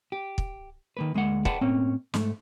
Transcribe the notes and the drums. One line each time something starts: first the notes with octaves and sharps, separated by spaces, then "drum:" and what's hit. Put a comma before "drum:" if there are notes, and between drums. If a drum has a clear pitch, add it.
G4
drum: kick
D#3 A#3 B4
D2 G#3 A#3 F#5
G#4 B4 D5 F#5 G5 A5, drum: kick
A2 A#3 C4 C#4
G#2 A3, drum: snare